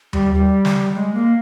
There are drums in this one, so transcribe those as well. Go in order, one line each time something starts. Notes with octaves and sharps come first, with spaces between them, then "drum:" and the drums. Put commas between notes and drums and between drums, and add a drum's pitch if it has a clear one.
G3, drum: tom D#2
G3
drum: snare
G#3
A#3